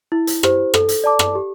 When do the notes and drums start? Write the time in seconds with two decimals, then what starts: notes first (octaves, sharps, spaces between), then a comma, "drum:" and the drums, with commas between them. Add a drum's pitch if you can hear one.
0.12 E4
0.27 drum: hi-hat
0.43 G4 C5, drum: rim click
0.74 A4, drum: rim click
0.89 drum: hi-hat
1.04 D5 A5 D6
1.19 drum: rim click
1.35 G4